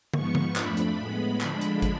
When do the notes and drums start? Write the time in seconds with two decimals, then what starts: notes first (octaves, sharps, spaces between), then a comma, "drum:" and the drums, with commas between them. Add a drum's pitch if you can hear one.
0.13 G#2 F3 B3 C#6, drum: tom
0.35 drum: tom
0.56 F2 F3 A3 D4 B5, drum: clap
0.77 drum: hi-hat
0.98 A2 G#3 B3 B5
1.41 D3 F3 G#3 D4, drum: clap
1.61 drum: hi-hat
1.82 drum: kick, hi-hat